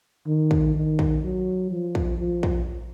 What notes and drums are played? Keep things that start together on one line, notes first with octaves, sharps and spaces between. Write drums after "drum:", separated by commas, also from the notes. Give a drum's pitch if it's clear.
D#3
drum: kick
D#3
drum: kick
F#3
F3
drum: kick
F3
drum: kick